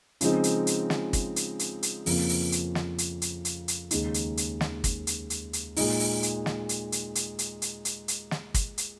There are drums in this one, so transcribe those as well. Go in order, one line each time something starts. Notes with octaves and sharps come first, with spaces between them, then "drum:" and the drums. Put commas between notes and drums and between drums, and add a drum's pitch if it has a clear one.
C#3 F3 G#3 C4 D#4, drum: hi-hat
drum: hi-hat
drum: hi-hat
drum: snare
drum: kick, hi-hat
drum: hi-hat
drum: hi-hat
drum: hi-hat
F2 C#3 F3 A#3 F4, drum: open hi-hat
drum: open hi-hat
drum: hi-hat
drum: snare
drum: hi-hat
drum: hi-hat
drum: hi-hat
drum: hi-hat
D#2 C#3 G#3 D#4, drum: hi-hat
drum: hi-hat
drum: hi-hat
drum: snare
drum: kick, hi-hat
drum: hi-hat
drum: hi-hat
drum: hi-hat
A#2 G#3 D#4, drum: open hi-hat
drum: open hi-hat
drum: hi-hat
drum: snare
drum: hi-hat
drum: hi-hat
drum: hi-hat
drum: hi-hat
drum: hi-hat
drum: hi-hat
drum: hi-hat
drum: snare
drum: kick, hi-hat
drum: hi-hat